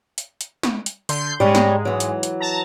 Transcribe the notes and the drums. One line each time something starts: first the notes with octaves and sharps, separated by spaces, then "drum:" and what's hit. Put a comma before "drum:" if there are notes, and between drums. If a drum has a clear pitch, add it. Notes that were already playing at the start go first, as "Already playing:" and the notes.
drum: hi-hat
drum: hi-hat
drum: snare
drum: hi-hat
D3 C6 G6, drum: hi-hat
G#2 G3 G#3 C#4
drum: snare
E3 F#3
drum: hi-hat
drum: hi-hat
A5 A#5